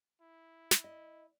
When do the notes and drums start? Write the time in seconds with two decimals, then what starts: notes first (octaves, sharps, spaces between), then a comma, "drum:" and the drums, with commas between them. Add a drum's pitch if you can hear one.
0.21 E4
0.71 drum: snare
0.84 D#5